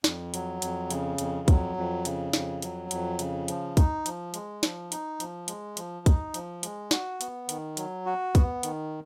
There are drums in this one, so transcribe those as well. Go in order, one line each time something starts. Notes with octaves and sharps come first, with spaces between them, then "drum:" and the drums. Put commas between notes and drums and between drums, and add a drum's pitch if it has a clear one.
F2, drum: snare
F#3, drum: hi-hat
F2, drum: hi-hat
C#3, drum: hi-hat
F2, drum: hi-hat
F#3, drum: kick B1, hi-hat
F2
C#3, drum: hi-hat
F2, drum: snare
F#3, drum: hi-hat
F2, drum: hi-hat
C#3, drum: hi-hat
F3, drum: hi-hat
D#4, drum: kick B1, hi-hat
F3, drum: hi-hat
G#3, drum: hi-hat
F3, drum: snare
D#4, drum: hi-hat
F3, drum: hi-hat
G#3, drum: hi-hat
F3, drum: hi-hat
D#4, drum: kick B1, hi-hat
F3, drum: hi-hat
G#3, drum: hi-hat
F#4, drum: snare
B3, drum: hi-hat
D#3, drum: hi-hat
F#3, drum: hi-hat
F#4
B3, drum: kick B1, hi-hat
D#3, drum: hi-hat